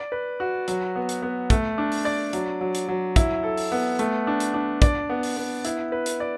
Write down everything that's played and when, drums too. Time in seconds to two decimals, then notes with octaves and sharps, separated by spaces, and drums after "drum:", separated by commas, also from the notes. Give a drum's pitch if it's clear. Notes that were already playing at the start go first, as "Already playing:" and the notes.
Already playing: D5
0.12 B4
0.40 F#4
0.68 F#3, drum: hi-hat
0.96 B3
1.09 drum: hi-hat
1.22 B3
1.50 A3, drum: kick, hi-hat
1.78 D4
1.92 drum: open hi-hat
2.05 D5
2.33 F#3, drum: hi-hat
2.61 F#3
2.75 drum: hi-hat
2.88 F#3
3.16 E4, drum: kick, hi-hat
3.43 A4
3.58 drum: open hi-hat
3.72 B3
3.99 A3, drum: hi-hat
4.27 D4
4.40 drum: hi-hat
4.54 D4
4.82 D5, drum: kick, hi-hat
5.10 B3
5.23 drum: open hi-hat
5.37 B3
5.65 E4, drum: hi-hat
5.92 B4
6.06 drum: hi-hat
6.20 D5